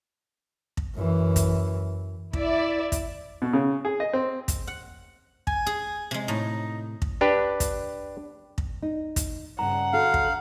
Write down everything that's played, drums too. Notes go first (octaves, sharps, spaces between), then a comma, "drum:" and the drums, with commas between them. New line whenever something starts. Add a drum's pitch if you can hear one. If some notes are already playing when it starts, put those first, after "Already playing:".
drum: kick
F#2 E3
drum: kick, hi-hat
E4 D5 E5, drum: kick
drum: kick, hi-hat
B2
C#3
G#4
D#5
C4
drum: kick, hi-hat
F#5
G#5, drum: kick
G#4
C3 G#3
A2 D#4
drum: kick
D4 G4 B4
drum: kick, hi-hat
drum: kick
D#4
drum: kick, hi-hat
G2 C#3 F#5 A#5
D3 F#4 A4 F5
drum: kick